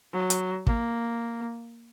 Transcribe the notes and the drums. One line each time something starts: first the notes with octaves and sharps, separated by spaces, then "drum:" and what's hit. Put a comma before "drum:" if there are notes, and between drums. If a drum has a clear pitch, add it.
F#3
drum: hi-hat
A#3, drum: kick